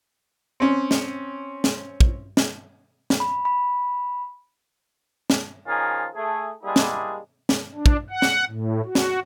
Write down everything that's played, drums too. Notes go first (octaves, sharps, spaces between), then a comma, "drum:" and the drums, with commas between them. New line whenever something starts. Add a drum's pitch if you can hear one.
C4 C#4
drum: snare
drum: snare
drum: kick
drum: snare
drum: snare
B5
B5
drum: snare
D#3 F3 C#4 F4 G#4 A#4
A3 G#4
G3 G#3 A#3 D4 E4 G#4
drum: snare
drum: snare
D4
drum: kick
F#5
drum: snare
A2
F#4
drum: snare